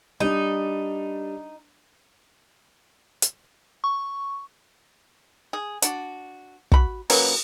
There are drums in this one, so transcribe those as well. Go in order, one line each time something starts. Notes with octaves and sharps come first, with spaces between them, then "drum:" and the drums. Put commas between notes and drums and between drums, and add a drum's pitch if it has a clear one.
G3 D4 D#4
drum: hi-hat
C#6
G#4
D4 F#4, drum: hi-hat
F#4 B5, drum: kick
F#3 A#3 C#4 B4, drum: open hi-hat